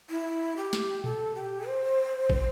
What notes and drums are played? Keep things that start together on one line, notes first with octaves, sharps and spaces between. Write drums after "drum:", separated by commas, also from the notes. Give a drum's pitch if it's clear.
E4
G4
drum: snare
A4, drum: tom A#2
G4
C5
drum: kick